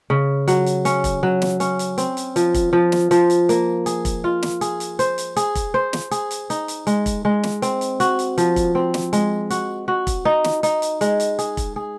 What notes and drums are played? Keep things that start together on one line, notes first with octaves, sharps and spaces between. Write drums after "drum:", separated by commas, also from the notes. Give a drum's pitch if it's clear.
C#3
F#3, drum: hi-hat
drum: hi-hat
C#4, drum: hi-hat
drum: kick, hi-hat
F#3
drum: snare
C#4, drum: hi-hat
drum: hi-hat
C4, drum: hi-hat
drum: hi-hat
F3, drum: hi-hat
drum: kick, hi-hat
F3
drum: snare
F3, drum: hi-hat
drum: hi-hat
A#3, drum: hi-hat
G#4, drum: hi-hat
drum: kick, hi-hat
F4
drum: snare
G#4, drum: hi-hat
drum: hi-hat
C5, drum: hi-hat
drum: hi-hat
G#4, drum: hi-hat
drum: kick, hi-hat
C5
drum: snare
G#4, drum: hi-hat
drum: hi-hat
D#4, drum: hi-hat
drum: hi-hat
G#3, drum: hi-hat
drum: kick, hi-hat
G#3
drum: snare
C4, drum: hi-hat
drum: hi-hat
F#4, drum: hi-hat
drum: hi-hat
F3, drum: hi-hat
drum: kick, hi-hat
C4
drum: snare
G#3, drum: hi-hat
F#4, drum: hi-hat
F#4
drum: kick, hi-hat
D#4
drum: snare
D#4, drum: hi-hat
drum: hi-hat
G#3, drum: hi-hat
drum: hi-hat
G#4, drum: hi-hat
drum: kick, hi-hat
G#4